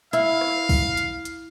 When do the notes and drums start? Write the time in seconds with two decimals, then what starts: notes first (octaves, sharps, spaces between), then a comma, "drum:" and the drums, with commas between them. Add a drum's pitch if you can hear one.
0.13 E4 F5, drum: hi-hat
0.41 drum: rim click
0.69 drum: kick, open hi-hat
0.97 drum: hi-hat
1.25 drum: hi-hat